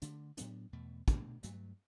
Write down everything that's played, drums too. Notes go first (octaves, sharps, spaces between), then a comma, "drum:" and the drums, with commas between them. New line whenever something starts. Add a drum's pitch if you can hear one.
D3 A3 D4, drum: hi-hat
A2 F#3 B3 D4, drum: hi-hat
E2 B2 A3
B2 A3 D4, drum: kick, hi-hat
G2 F#3 A3, drum: hi-hat